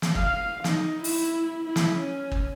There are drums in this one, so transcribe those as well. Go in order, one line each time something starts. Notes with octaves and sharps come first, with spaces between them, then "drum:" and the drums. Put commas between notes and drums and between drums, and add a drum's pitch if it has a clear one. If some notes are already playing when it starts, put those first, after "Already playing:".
drum: snare
F5, drum: kick
D#4, drum: snare
E4, drum: open hi-hat
E4
drum: snare
C#4
drum: kick